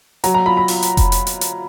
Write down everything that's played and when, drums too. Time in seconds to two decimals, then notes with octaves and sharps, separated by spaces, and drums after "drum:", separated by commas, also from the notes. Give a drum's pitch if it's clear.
0.24 F#3 A#5, drum: hi-hat
0.34 A#5
0.46 F4 B5
0.57 B5
0.68 F4, drum: open hi-hat
0.83 drum: hi-hat
0.97 drum: kick F1, hi-hat
1.12 drum: hi-hat
1.27 drum: hi-hat
1.41 drum: hi-hat